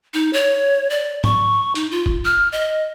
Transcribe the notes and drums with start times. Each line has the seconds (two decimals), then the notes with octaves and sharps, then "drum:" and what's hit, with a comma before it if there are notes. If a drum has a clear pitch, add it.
0.14 D#4
0.33 C#5
0.90 D5
1.24 C#6, drum: tom G#2
1.75 D#4, drum: hi-hat
1.91 F4
2.06 drum: kick
2.25 F6
2.52 D#5